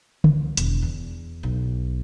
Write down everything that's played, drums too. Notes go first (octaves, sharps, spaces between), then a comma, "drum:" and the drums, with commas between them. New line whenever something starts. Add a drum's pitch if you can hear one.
C#2, drum: tom
E1, drum: hi-hat
E2
B1